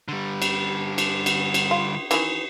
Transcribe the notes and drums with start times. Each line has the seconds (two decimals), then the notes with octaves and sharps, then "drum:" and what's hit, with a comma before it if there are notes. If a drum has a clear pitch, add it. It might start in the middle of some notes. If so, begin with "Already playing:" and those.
0.08 D3 G3
0.42 drum: cymbal
0.98 drum: cymbal
1.26 drum: cymbal
1.54 drum: cymbal
1.71 F4
2.11 D#3 E3, drum: cymbal